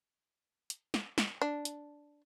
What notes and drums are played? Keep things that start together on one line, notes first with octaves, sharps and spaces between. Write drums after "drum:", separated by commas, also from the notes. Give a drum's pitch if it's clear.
drum: hi-hat
drum: snare
drum: snare
D4
drum: hi-hat